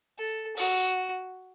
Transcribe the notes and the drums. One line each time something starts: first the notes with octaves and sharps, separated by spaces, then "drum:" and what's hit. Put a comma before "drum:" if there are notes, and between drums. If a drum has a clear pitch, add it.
A4
F#4, drum: open hi-hat